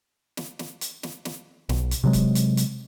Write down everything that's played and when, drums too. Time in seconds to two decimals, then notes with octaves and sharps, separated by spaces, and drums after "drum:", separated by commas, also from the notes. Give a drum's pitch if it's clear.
0.37 drum: snare
0.59 drum: snare
0.81 drum: hi-hat
1.03 drum: snare
1.25 drum: snare
1.69 B1, drum: snare
1.91 drum: hi-hat
2.04 C3 F#3 G#3
2.13 drum: kick, hi-hat
2.35 drum: hi-hat
2.57 drum: hi-hat